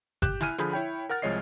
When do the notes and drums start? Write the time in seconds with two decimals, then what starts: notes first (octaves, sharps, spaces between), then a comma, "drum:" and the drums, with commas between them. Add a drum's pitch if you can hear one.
0.22 G4 F#6 G6 E7, drum: kick G1, hi-hat
0.41 E4 G#5 F6 D#7, drum: snare
0.58 D3 F3 G#4 B5 G6, drum: hi-hat
0.72 E4 C#5 G5 B5
1.09 A#4 F#5 F6 A6
1.22 C2 F3 G#3 C#5 D#5 C7